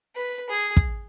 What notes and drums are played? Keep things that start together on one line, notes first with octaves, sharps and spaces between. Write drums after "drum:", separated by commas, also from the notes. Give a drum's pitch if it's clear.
B4
G#4
drum: kick